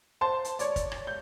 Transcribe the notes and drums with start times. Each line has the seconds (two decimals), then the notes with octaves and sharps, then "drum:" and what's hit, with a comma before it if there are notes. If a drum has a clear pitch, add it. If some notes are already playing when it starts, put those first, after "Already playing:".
0.21 C5 A5 C6
0.45 drum: hi-hat
0.59 C#5 D5, drum: hi-hat
0.76 drum: kick, hi-hat
0.92 drum: rim click
1.07 G6